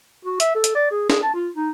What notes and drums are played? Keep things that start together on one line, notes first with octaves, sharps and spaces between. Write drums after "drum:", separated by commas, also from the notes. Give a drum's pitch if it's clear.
F#4
E5, drum: hi-hat
A4
drum: hi-hat
D5
G#4
G#4, drum: snare
A5
F4
D#4